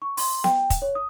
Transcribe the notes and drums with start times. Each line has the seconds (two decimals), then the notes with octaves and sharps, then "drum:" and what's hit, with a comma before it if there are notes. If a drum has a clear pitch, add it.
0.02 C#6
0.17 C6, drum: open hi-hat
0.44 G5, drum: snare B3
0.70 drum: kick, hi-hat
0.82 C#5
0.95 D#6